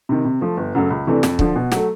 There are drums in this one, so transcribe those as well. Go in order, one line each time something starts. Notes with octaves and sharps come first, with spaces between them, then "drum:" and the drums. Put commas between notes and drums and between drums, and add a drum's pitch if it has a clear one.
C3 D#3
C3
F3 A3
G1
F#2 C#3 F#3 A3
C#2
C3 E3 A3 D4
F2, drum: snare
D3 F3, drum: kick
B2
F#3 A3, drum: snare